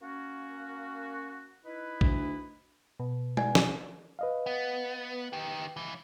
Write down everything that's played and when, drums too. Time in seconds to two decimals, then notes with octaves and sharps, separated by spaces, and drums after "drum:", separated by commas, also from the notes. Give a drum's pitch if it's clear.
0.02 A#3 C#4 F#4
1.64 D#4 E4 B4
2.01 D2, drum: kick A#1
3.00 B2
3.37 D5 F#5 G#5, drum: tom G#3
3.55 drum: snare
4.19 B4 D#5 F5
4.46 B3
5.33 D#3 G4
5.77 C#2 E3